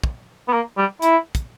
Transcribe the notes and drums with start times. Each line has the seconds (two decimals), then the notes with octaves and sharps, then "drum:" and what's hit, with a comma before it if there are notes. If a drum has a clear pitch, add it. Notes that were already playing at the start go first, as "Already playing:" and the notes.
0.03 drum: kick
0.48 B3
0.53 A#3
0.78 G3
1.02 E4, drum: hi-hat
1.35 drum: kick, hi-hat